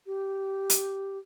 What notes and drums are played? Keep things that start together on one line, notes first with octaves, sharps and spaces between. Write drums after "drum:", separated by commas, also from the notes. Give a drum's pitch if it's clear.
G4
drum: hi-hat